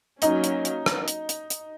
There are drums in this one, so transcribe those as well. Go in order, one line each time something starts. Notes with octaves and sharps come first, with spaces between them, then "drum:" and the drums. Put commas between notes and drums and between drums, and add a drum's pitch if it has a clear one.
F#3 A#3 C#4 D#4, drum: hi-hat
drum: hi-hat
drum: hi-hat
drum: rim click
drum: hi-hat
drum: hi-hat
drum: hi-hat